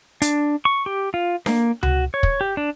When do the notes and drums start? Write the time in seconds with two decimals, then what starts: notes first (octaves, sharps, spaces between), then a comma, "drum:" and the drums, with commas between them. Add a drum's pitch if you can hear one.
0.22 D4, drum: hi-hat
0.65 C#6
0.86 G4
1.14 F4
1.46 A#3, drum: snare D4
1.83 F#4, drum: tom C#2
2.14 C#5
2.23 drum: kick
2.41 G4
2.57 D4